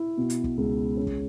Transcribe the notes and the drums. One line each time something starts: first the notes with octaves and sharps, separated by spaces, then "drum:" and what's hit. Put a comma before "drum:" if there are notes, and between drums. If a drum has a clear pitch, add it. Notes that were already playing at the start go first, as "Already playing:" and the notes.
Already playing: E4
B2
drum: hi-hat
drum: kick
C#2
C#4
drum: kick